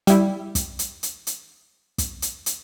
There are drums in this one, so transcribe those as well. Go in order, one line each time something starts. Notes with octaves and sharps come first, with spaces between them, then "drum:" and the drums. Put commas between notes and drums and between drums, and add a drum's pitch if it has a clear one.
G3 E4, drum: hi-hat
drum: kick, hi-hat
drum: hi-hat
drum: hi-hat
drum: hi-hat
drum: kick, hi-hat
drum: hi-hat
drum: hi-hat